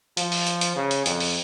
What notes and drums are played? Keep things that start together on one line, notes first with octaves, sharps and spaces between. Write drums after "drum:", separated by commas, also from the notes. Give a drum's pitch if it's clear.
F3, drum: hi-hat
drum: open hi-hat
drum: hi-hat
drum: hi-hat
C#3
drum: hi-hat
F2, drum: hi-hat
drum: open hi-hat